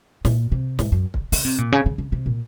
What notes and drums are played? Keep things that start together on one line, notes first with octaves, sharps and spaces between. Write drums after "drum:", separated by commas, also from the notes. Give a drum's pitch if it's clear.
A#2, drum: snare
C3
G#2, drum: snare
F#2
drum: kick
C#3, drum: open hi-hat
C3
A#2
C#3
C#3
C#3
C3
A#2